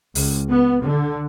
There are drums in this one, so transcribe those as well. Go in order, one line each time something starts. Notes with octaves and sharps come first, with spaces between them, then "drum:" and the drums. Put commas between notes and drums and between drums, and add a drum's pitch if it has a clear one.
C#2, drum: open hi-hat
B3
D3